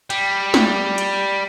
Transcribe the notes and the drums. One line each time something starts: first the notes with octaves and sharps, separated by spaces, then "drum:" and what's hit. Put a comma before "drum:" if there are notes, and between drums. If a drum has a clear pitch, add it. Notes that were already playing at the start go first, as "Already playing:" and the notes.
G3, drum: hi-hat
drum: snare
drum: hi-hat